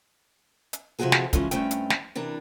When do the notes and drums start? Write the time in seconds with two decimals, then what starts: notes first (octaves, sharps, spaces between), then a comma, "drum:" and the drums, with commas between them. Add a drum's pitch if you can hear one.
0.73 drum: hi-hat
0.99 C3 F3 C4 F#4 G#4 A4
1.12 drum: snare
1.33 C#3 E3 F3 G#3 C4 C#4, drum: kick, hi-hat
1.51 G2 F3 A3 C4 C#4 G5, drum: hi-hat
1.71 drum: hi-hat
1.90 drum: snare
2.16 C3 E3 D4 A#4